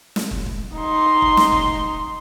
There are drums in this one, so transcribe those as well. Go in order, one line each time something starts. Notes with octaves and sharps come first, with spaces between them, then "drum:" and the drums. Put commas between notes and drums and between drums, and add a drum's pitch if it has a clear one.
drum: snare
drum: kick
drum: kick
D#4 C6
drum: kick
drum: snare
drum: kick
drum: kick